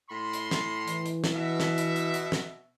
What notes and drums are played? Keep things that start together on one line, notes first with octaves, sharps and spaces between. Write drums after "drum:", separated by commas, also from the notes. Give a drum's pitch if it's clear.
A2 B5 C6
drum: hi-hat
drum: snare
E3, drum: hi-hat
drum: hi-hat
drum: snare
B2 E5
drum: snare
drum: hi-hat
drum: hi-hat
drum: hi-hat
drum: snare